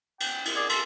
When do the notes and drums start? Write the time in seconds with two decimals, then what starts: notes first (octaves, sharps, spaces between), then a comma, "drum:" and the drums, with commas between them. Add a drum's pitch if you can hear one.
0.20 G5, drum: cymbal
0.45 drum: cymbal
0.55 G#4 D5
0.69 A4 C6, drum: cymbal